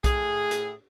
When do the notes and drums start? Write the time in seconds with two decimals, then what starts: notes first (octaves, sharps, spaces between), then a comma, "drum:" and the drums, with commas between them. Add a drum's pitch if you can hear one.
0.04 A2 G#4, drum: kick B1, hi-hat
0.51 drum: hi-hat